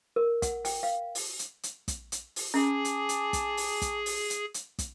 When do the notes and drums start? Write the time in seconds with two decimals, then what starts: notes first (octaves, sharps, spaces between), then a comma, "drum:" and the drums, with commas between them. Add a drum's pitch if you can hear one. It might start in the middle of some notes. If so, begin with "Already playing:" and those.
0.16 A#4
0.42 F#5, drum: kick, hi-hat
0.65 G5, drum: open hi-hat
0.83 F5
1.15 drum: open hi-hat
1.39 drum: hi-hat
1.63 drum: hi-hat
1.88 drum: kick, hi-hat
2.12 drum: hi-hat
2.36 drum: open hi-hat
2.54 C#4 G#4 G#5 A5 D6
2.85 drum: hi-hat
3.09 drum: hi-hat
3.33 drum: kick, hi-hat
3.57 drum: open hi-hat
3.82 drum: kick, hi-hat
4.06 drum: open hi-hat
4.30 drum: hi-hat
4.54 drum: hi-hat
4.79 drum: kick, hi-hat